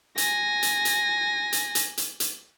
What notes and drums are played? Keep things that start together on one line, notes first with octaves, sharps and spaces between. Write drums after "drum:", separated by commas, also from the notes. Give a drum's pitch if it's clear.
G#5 A#6, drum: hi-hat
drum: hi-hat
drum: hi-hat
drum: hi-hat
drum: hi-hat
drum: hi-hat
drum: hi-hat